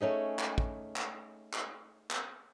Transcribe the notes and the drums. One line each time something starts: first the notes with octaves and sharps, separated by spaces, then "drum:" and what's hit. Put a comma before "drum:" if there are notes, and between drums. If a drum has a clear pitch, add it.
A3 C#4 D#4 G#4
drum: clap
drum: kick
drum: clap
drum: clap
drum: clap